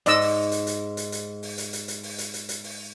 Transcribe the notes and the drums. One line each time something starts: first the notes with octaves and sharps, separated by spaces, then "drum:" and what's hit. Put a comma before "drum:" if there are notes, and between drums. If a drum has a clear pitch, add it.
G#2 D5 D#5 E6, drum: hi-hat
drum: open hi-hat
drum: hi-hat
drum: hi-hat
drum: hi-hat
drum: hi-hat
drum: open hi-hat
drum: hi-hat
drum: hi-hat
drum: hi-hat
drum: open hi-hat
drum: hi-hat
drum: hi-hat
drum: hi-hat
drum: open hi-hat